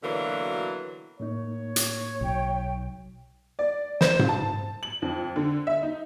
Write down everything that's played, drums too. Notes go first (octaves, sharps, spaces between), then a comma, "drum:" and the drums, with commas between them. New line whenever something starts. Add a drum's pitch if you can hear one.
B2 D3 E3 F#3 A#3
A2 A#3 D#4 C#5
drum: hi-hat
B1 G5
D5
C5, drum: snare
drum: tom G#2
A5
F#7
F2
D3
E5
D#4